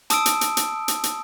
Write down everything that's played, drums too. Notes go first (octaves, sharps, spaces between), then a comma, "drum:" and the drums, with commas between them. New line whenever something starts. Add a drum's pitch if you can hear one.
A5 D#6 E6 D7, drum: hi-hat
drum: hi-hat
drum: hi-hat
drum: hi-hat
drum: hi-hat
drum: hi-hat